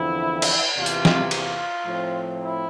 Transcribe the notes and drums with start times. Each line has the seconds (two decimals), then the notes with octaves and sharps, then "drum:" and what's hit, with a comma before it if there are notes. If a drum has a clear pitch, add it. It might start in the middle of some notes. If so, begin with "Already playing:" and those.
Already playing: E2 D3 F3 C4 E4
0.42 drum: cymbal
0.77 E2 C3 E3 A#3 F4
0.86 drum: hi-hat
1.05 drum: snare
1.31 F4, drum: cymbal
1.85 A2 F3 C4
2.39 E4